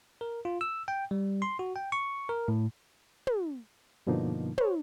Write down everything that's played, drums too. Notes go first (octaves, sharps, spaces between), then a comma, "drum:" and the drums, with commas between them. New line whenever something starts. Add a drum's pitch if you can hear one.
A#4
F4
E6
G5
G3
C6
F#4
G5
C#6
A#4
A2
drum: tom
G2 B2 D3 F3 A#3 D#4
C5 C#5, drum: tom